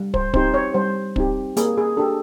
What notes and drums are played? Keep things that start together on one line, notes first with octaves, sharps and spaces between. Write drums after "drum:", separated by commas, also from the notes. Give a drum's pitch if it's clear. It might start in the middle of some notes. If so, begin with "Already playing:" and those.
Already playing: G3
C5, drum: kick
C4 D#4 G4 C5, drum: kick
C#5
G3 C5
C4 D#4 G4, drum: kick
A#3 G#4, drum: hi-hat
G#4
D4 G4 A4